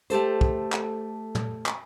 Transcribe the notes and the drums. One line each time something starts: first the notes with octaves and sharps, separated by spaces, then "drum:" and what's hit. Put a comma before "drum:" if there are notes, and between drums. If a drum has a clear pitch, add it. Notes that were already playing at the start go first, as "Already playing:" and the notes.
A3 G4 A4 C5, drum: hi-hat
drum: kick
drum: clap
drum: tom
drum: clap